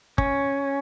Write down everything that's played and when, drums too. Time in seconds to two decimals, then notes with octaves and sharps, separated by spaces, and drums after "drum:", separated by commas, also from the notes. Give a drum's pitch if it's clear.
0.18 C#4, drum: kick